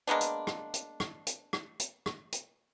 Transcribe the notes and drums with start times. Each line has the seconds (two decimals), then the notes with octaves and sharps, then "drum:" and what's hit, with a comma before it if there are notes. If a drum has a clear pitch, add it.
0.07 G#3 A#3 B3 D4
0.21 drum: hi-hat
0.47 drum: rim click
0.74 drum: hi-hat
1.00 drum: rim click
1.27 drum: hi-hat
1.53 drum: rim click
1.79 drum: hi-hat
2.06 drum: rim click
2.32 drum: hi-hat